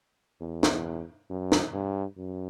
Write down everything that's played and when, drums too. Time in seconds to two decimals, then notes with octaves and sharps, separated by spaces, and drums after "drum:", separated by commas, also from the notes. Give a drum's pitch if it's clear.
0.41 E2
0.63 drum: snare
1.30 F#2
1.52 drum: snare
1.73 G2
2.18 F#2